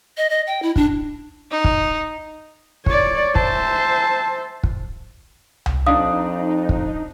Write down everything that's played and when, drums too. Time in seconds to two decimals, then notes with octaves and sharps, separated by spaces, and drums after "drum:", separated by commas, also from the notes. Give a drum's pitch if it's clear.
0.17 D#5
0.30 D#5
0.47 G5
0.62 E4
0.76 D4, drum: kick
1.51 D#4
1.64 drum: kick
2.86 C#5 D5, drum: kick
3.36 C5 E5 A5, drum: kick
4.63 drum: kick
5.66 drum: tom C2
5.86 F2 D4 D#4 D5 F5 D#6
6.69 drum: kick